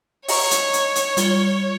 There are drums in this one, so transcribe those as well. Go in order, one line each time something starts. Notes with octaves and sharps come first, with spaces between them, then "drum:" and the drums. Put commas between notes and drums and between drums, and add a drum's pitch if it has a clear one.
C#5 D#5 A#5 C#6, drum: open hi-hat
drum: hi-hat
drum: hi-hat
drum: hi-hat
G3 F4 G7, drum: hi-hat